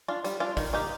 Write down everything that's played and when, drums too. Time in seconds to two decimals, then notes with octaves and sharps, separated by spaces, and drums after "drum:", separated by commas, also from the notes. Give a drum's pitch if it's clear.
0.08 D4 F4
0.24 G3, drum: hi-hat
0.40 D4 F4
0.57 D#3, drum: kick, open hi-hat
0.73 A#3 D#4 G4